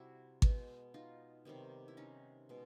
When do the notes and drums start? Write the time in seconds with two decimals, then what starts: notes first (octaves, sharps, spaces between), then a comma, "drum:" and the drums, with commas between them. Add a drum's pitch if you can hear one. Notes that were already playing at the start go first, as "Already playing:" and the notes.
Already playing: C3 G3 E4 F#4
0.42 B2 G#3 B3, drum: kick G#1
0.94 D#4 F4
1.45 C3 D#3 G3 B3
1.88 E4
1.97 C#4 D#4
2.49 B2 G#3